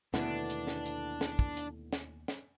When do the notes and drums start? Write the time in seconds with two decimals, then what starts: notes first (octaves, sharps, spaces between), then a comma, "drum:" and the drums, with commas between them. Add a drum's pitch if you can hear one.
0.14 D#2 B2 D3 A3 B3 D4 E4, drum: snare
0.49 drum: hi-hat
0.67 drum: snare
0.85 drum: hi-hat
1.21 drum: snare
1.39 drum: kick
1.57 drum: hi-hat
1.93 drum: snare
2.28 drum: snare